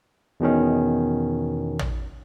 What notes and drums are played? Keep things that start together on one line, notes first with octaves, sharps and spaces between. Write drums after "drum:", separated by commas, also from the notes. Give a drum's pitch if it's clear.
E2 B2 D#3 C#4
drum: tom